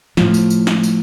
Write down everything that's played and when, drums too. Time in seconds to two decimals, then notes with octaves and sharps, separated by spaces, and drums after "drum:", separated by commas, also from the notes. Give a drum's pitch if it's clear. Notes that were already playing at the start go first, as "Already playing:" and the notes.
0.17 A2 F3, drum: snare
0.34 drum: tambourine
0.50 drum: tambourine
0.67 drum: snare
0.83 drum: tambourine